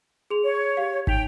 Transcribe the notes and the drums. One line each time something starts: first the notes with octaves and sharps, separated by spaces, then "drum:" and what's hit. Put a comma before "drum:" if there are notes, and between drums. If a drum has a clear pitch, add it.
G#4 C6 F7
C#5
G4 F5
D#4 G5 B6 F7, drum: kick